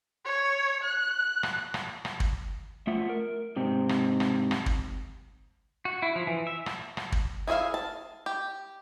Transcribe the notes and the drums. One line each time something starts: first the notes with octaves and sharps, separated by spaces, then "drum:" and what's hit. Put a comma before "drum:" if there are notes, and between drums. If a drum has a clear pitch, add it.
C#5
F#6
drum: rim click
drum: rim click
drum: rim click
drum: kick
A3 F4 E5 F#5
A#4
G#2 C3 C4
drum: rim click
drum: rim click
drum: rim click
drum: kick
F#4
E4
F3
E3
E5
drum: rim click
drum: rim click
drum: kick
E4 G#4 C#5 E5 F5
A5
G4